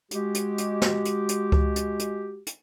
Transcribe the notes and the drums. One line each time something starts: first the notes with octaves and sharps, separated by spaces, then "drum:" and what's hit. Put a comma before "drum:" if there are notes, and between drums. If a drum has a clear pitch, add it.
G#3 F#4 G4, drum: hi-hat
drum: hi-hat
drum: hi-hat
drum: snare
drum: hi-hat
drum: hi-hat
drum: kick C#2
drum: hi-hat
drum: hi-hat
drum: hi-hat